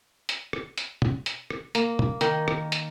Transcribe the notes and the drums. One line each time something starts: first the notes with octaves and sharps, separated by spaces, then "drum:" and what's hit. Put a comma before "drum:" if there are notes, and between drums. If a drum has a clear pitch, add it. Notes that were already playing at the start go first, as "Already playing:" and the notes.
drum: hi-hat
drum: rim click
drum: hi-hat
drum: tom
drum: hi-hat
drum: rim click
A#3, drum: hi-hat
drum: tom
D#3, drum: hi-hat
drum: rim click
drum: hi-hat